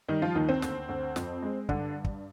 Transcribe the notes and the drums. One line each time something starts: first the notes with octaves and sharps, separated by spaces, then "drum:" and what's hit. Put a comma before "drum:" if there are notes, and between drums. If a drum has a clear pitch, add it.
D#3 G3 D#4
F3 F4
D#2 D#3 D#4
C4
D2, drum: snare
D2
F2, drum: snare
G#3
G2 D3 D4, drum: kick
drum: kick